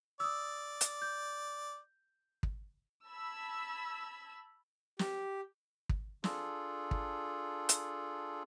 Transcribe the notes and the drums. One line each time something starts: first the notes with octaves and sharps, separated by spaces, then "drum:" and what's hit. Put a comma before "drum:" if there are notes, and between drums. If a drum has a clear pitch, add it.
D5 D#6 E6
drum: hi-hat
G6
drum: kick
A5 B5 E6 G#6
G4, drum: snare
drum: kick
D4 F4 G#4 A4, drum: snare
drum: kick
drum: hi-hat